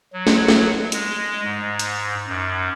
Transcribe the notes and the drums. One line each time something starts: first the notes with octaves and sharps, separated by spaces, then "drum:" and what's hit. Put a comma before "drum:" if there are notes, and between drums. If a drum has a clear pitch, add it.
F#3
drum: snare
drum: snare
G#3, drum: hi-hat
G#2
drum: hi-hat
F#2